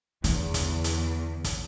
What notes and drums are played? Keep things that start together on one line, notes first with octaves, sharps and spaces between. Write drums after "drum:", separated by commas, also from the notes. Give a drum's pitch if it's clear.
E2 D3, drum: hi-hat
drum: kick, hi-hat
drum: hi-hat
drum: kick, hi-hat